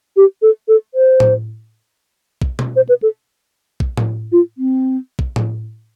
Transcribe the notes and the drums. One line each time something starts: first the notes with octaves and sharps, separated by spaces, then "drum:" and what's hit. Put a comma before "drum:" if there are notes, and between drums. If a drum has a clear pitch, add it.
G4
A4
A4
C5
drum: tom A2
drum: kick
drum: tom B2
C5
B4
A4
drum: kick
drum: tom A2
F4
C4
drum: kick
drum: tom A2